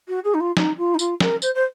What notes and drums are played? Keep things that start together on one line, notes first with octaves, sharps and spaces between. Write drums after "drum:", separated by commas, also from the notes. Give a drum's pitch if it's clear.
F#4
G#4
D#4
F4
D#4, drum: snare
F4
D#4
F4, drum: tambourine
A#4, drum: snare
C5, drum: tambourine
C5